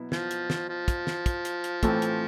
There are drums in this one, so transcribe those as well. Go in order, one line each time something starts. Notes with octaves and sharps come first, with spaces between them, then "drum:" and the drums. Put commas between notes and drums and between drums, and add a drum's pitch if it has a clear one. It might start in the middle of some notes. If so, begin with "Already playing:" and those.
Already playing: B2 F#3 B3 E4
F3, drum: snare
drum: hi-hat
drum: snare
F3
drum: kick, hi-hat
drum: snare
drum: kick, hi-hat
drum: hi-hat
drum: hi-hat
A2 E3 A3 C4, drum: kick, hi-hat
drum: hi-hat